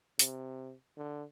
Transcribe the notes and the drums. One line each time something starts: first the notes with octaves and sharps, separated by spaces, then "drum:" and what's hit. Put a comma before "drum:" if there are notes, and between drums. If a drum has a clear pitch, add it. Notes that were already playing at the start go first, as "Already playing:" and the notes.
C3, drum: hi-hat
D3